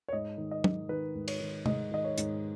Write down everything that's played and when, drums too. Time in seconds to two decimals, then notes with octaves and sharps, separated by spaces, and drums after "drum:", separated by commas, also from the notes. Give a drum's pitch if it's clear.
0.08 C#5
0.13 G#2 D#5
0.38 D#3
0.51 D#5
0.64 G#2, drum: tom
0.89 D#3 B4
1.15 G#2
1.28 C#5, drum: cymbal
1.40 D#3
1.66 G#2 D#5, drum: tom
1.91 D#3 D#5
2.04 C#5
2.18 G#2, drum: hi-hat